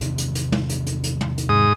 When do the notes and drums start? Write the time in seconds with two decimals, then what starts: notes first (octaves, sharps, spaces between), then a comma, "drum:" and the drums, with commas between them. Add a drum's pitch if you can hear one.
0.01 E2 C3 D#3, drum: hi-hat
0.18 drum: hi-hat
0.35 drum: hi-hat
0.52 drum: tom
0.69 drum: hi-hat
0.87 drum: hi-hat
1.04 drum: hi-hat
1.21 drum: tom
1.38 drum: hi-hat
1.49 G#2 D#6